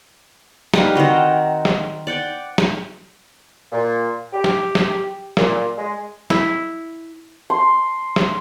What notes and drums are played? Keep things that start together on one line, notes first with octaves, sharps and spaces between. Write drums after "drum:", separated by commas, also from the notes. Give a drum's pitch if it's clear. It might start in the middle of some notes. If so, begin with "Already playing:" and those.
G3 D#4 B4 F5, drum: snare
D#3 C4 D#4 F#4
drum: snare
D5 F#5 G5
drum: snare
A#2
G4
drum: snare
drum: snare
A#2, drum: snare
G#3
E4, drum: snare
C6
drum: snare